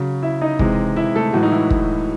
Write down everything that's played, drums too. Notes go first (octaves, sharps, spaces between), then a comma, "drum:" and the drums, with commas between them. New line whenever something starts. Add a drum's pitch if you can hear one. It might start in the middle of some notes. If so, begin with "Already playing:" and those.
Already playing: C#3 F#3
E4 E5
D#4 D#5
C3 E3 G#3, drum: kick
E4 E5
A3 A4
A2 E3 F#3 G#3 F#4
D#4
E3 E4
drum: kick